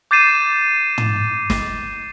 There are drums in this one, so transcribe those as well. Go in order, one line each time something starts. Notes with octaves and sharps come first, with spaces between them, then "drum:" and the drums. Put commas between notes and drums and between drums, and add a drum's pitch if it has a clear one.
D6 G6 A6 C7 D#7 E7
drum: tom
drum: snare